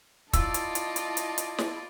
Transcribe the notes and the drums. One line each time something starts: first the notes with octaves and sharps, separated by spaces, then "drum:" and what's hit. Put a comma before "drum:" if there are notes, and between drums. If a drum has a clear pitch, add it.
E4 F4 D5 D#5 A5 E6, drum: kick, hi-hat
drum: hi-hat
drum: hi-hat
drum: hi-hat
drum: hi-hat
drum: hi-hat
drum: snare